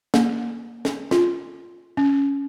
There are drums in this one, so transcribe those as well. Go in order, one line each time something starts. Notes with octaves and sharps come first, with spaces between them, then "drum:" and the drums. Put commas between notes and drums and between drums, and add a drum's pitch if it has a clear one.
A#3, drum: snare
drum: snare
F4, drum: snare
C#4